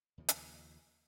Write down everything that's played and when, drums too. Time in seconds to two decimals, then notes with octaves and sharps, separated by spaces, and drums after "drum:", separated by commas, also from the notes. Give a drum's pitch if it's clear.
0.18 D#2 C#3 F3
0.29 drum: hi-hat